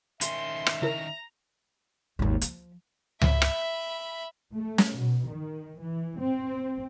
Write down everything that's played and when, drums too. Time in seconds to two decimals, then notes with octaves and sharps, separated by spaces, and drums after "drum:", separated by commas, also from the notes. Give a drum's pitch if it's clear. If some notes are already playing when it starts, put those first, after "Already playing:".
0.21 D#3 C#4 E5 C6, drum: hi-hat
0.66 drum: rim click
0.82 C#3 E4 A#4 A#5
2.19 G#1 D#2
2.41 F3, drum: hi-hat
3.21 E5 B5, drum: tom C#2
3.42 drum: rim click
4.56 A3
4.78 drum: snare
4.97 B2
5.29 D#3
5.80 E3
6.21 C4